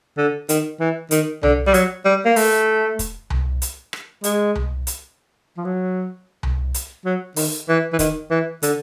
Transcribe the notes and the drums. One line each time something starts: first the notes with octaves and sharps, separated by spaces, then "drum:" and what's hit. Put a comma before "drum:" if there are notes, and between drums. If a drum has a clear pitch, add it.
D3
D#3, drum: hi-hat
E3
D#3, drum: hi-hat
D3, drum: tom C2
G3
F#3, drum: hi-hat
G3
A#3
A3, drum: open hi-hat
drum: kick, hi-hat
drum: tom C2
drum: hi-hat
drum: rim click
G#3, drum: hi-hat
drum: tom C2
drum: hi-hat
F3
F#3
drum: tom C2
drum: hi-hat
F#3
D#3, drum: open hi-hat
E3
E3
D#3, drum: kick, hi-hat
E3
D3, drum: hi-hat